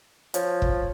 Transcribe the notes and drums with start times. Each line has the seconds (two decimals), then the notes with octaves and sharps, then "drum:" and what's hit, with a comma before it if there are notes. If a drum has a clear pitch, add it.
0.34 F3 C#5, drum: hi-hat
0.62 drum: kick